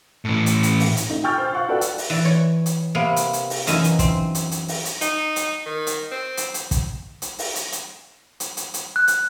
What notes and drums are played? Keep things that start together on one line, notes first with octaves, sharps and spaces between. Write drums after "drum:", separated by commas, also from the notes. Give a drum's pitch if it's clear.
A2 E3
drum: hi-hat
drum: hi-hat
drum: open hi-hat
drum: hi-hat
D2 D#4
G5 G#5 C#6 F6 G6 A6
C5 F6
F5 F#5 C#6 F#6
F#4 A4 B4 D5 F#5 G5
drum: hi-hat
drum: open hi-hat
E3 D5
C#5
drum: hi-hat
C3 A#3 B3
drum: hi-hat
drum: hi-hat
drum: open hi-hat
F#2 E3 D#4 E5 G#5, drum: hi-hat
drum: hi-hat
C4, drum: kick, hi-hat
drum: hi-hat
drum: hi-hat
drum: open hi-hat
drum: hi-hat
D#4, drum: hi-hat
drum: hi-hat
D#3
drum: hi-hat
C4
drum: hi-hat
drum: hi-hat
drum: kick, hi-hat
drum: hi-hat
drum: open hi-hat
drum: hi-hat
drum: hi-hat
drum: hi-hat
drum: hi-hat
drum: hi-hat
F#6
drum: hi-hat